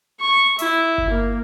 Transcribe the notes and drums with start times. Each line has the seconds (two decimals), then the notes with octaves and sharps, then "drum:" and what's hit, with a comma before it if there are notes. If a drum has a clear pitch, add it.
0.21 C#6
0.59 E4, drum: hi-hat
0.98 drum: kick G1
1.10 A#3